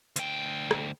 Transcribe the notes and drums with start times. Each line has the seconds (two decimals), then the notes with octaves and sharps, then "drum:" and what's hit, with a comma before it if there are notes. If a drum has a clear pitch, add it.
0.16 D2 G5, drum: hi-hat
0.71 drum: rim click